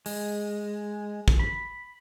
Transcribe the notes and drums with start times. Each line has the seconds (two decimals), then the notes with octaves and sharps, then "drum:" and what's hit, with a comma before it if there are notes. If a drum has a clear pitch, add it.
0.06 G#3, drum: open hi-hat
1.28 drum: kick
1.39 B5